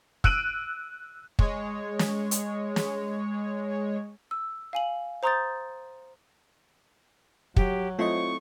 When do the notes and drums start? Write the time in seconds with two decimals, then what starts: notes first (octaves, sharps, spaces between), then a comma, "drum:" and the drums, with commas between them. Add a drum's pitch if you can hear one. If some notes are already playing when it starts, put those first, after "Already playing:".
0.24 E6 F#6 D7 D#7 F#7, drum: kick
1.39 G#3 C#5, drum: kick
1.99 drum: snare
2.31 drum: hi-hat
2.76 drum: snare
4.31 E6
4.73 F5 G#5 F#7
5.23 C5 A#5 C6 D#6 G6 A6
7.56 F#3 G4, drum: kick
7.99 A3 C4 E4 F4 C5 D#5 C#6